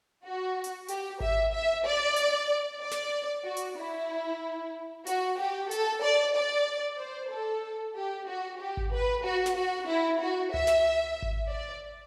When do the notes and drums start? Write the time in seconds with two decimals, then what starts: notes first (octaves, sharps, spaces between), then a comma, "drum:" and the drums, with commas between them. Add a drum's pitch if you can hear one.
0.25 F#4
0.64 drum: hi-hat
0.88 G4, drum: hi-hat
1.20 E5, drum: kick G#1
1.54 E5
1.85 D5
2.16 drum: hi-hat
2.81 D5
2.91 drum: snare
3.45 F#4
3.57 drum: hi-hat
3.78 E4
5.07 F#4, drum: hi-hat
5.39 G4
5.71 A4, drum: hi-hat
6.03 D5
6.35 D5
7.00 C5
7.31 A4
7.96 G4
8.28 F#4
8.60 G4
8.77 drum: kick G#1
8.93 B4
9.24 F#4
9.46 drum: snare
9.57 F#4
9.88 E4
10.21 F#4
10.54 E5, drum: tom C#2
10.67 drum: snare
11.22 drum: kick G#1
11.50 D5